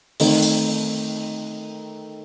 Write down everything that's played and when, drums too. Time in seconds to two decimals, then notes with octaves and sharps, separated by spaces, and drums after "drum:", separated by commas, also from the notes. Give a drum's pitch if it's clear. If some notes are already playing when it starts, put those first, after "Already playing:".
0.20 D#3 A3 C4 D#4 A#4, drum: open hi-hat
0.42 drum: tambourine